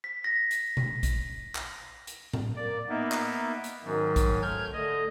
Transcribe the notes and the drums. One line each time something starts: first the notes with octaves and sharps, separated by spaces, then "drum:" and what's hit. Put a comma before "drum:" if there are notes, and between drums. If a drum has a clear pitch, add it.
B6
A#6
drum: hi-hat
drum: tom B2
drum: kick, hi-hat
drum: clap
drum: hi-hat
drum: tom A2
A#3 D5
A#3 B3 D#4 E5
drum: clap
drum: hi-hat
G#2 D#3 F#3 C#4
drum: kick, hi-hat
A3 F6 G6 G#6
D3 A3 D#5